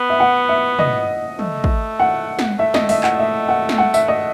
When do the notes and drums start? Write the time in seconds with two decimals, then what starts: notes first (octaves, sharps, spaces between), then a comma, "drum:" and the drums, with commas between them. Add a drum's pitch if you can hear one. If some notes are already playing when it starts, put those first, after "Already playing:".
Already playing: B3
0.10 E5
0.20 F#5
0.49 E5
0.79 D#5, drum: tom
1.39 A3, drum: tom
1.64 drum: kick
2.00 F#5
2.39 drum: snare
2.59 A3 E5
2.74 D#5, drum: snare
2.89 E5, drum: open hi-hat
3.04 F#5, drum: clap
3.19 E5
3.49 F#5
3.69 drum: snare
3.78 F#5
3.94 E5, drum: tambourine
4.08 D#5